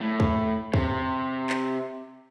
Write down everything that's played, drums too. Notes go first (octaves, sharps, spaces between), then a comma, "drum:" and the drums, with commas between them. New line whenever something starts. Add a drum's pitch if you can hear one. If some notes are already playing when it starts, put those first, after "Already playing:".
A2
drum: kick
C3, drum: kick
drum: clap